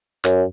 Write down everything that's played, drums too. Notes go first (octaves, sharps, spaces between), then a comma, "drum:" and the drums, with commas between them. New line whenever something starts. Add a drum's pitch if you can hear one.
F#2, drum: clap